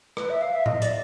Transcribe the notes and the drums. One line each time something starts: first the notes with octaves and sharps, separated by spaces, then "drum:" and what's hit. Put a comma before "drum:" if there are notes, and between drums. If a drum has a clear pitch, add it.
B4, drum: rim click
E5
F5
E5
D#5, drum: tom A2
D5, drum: hi-hat